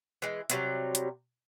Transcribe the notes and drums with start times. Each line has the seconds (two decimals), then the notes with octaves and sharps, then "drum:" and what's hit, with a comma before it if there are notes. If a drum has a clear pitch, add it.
0.22 E3 G#3
0.50 C3 F#3 G3, drum: hi-hat
0.95 drum: hi-hat